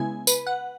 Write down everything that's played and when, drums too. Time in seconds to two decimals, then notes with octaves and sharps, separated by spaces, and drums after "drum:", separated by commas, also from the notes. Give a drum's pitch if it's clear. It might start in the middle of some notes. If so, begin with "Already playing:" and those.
Already playing: C#3 G#3 B3 E4 G#5
0.27 B4, drum: tambourine
0.47 F#5